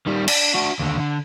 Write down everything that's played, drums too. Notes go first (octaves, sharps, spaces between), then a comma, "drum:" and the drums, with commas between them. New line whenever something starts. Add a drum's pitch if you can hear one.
D#3 G3
D4, drum: cymbal
D4 F#4
D#2 D3
D3